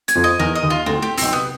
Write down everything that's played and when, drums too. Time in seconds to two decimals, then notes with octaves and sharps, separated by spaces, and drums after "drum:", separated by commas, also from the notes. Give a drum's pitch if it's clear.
0.08 G#5, drum: hi-hat
0.15 F2 F3
0.24 D#5
0.39 E2 E3 A#4
0.55 D#5
0.63 D#2 D#3
0.70 F4
0.86 D2 D3 C4
0.99 A2
1.02 G4
1.18 B1 B2 C4, drum: open hi-hat
1.33 C3 B3